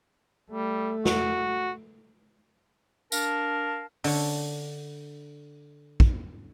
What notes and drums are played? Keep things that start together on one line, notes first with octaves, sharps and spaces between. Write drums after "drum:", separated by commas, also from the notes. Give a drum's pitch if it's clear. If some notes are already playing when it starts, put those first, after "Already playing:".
G3 A3
F#4, drum: snare
D4 A#4 F5 A5, drum: tambourine
D3 C#5, drum: open hi-hat
drum: kick